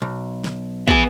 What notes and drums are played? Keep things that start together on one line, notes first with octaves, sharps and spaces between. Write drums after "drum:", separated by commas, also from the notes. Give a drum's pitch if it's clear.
B1
drum: snare
B3 G#4 B4 E5, drum: kick